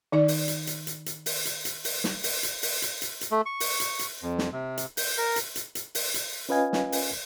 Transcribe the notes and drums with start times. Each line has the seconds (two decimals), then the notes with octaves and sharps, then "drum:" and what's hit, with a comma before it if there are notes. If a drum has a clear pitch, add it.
0.12 D#3 D#4 D5
0.28 drum: open hi-hat
0.48 drum: hi-hat
0.67 drum: hi-hat
0.87 drum: hi-hat
1.06 drum: hi-hat
1.26 drum: open hi-hat
1.45 drum: hi-hat
1.65 drum: hi-hat
1.84 drum: open hi-hat
2.04 drum: snare
2.24 drum: open hi-hat
2.43 drum: hi-hat
2.63 drum: open hi-hat
2.82 drum: hi-hat
3.02 drum: hi-hat
3.21 drum: hi-hat
3.31 A3
3.46 C#6
3.60 drum: open hi-hat
3.80 drum: hi-hat
3.99 drum: hi-hat
4.22 F2
4.38 drum: snare
4.52 C3
4.77 drum: hi-hat
4.97 G6, drum: open hi-hat
5.17 A#4
5.36 drum: hi-hat
5.56 drum: hi-hat
5.75 drum: hi-hat
5.95 drum: open hi-hat
6.14 drum: hi-hat
6.49 C#4 F4 B4 D#5 F5 G#5
6.73 drum: snare
6.92 drum: open hi-hat